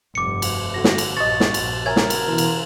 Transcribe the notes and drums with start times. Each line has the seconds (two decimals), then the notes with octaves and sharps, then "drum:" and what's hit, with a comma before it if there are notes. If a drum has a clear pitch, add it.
0.15 F1 G2 D6 C#7
0.42 drum: cymbal
0.74 D3 A3 F#4 A#6
0.84 drum: snare
0.98 drum: cymbal
1.17 A#1 G2 D#5 C#6 A6
1.40 drum: snare
1.54 A#1, drum: cymbal
1.86 C#3 A#4 C#5 E5 G#5 G#6
1.96 drum: snare
2.10 drum: cymbal
2.28 B2 E3
2.38 drum: cymbal